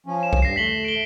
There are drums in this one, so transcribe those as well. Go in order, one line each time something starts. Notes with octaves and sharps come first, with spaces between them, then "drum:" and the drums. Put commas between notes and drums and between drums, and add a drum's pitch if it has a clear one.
F3 C#4
E7
drum: kick B1
G2 A#6 C7
A3 B6 F#7 G7
D7 G7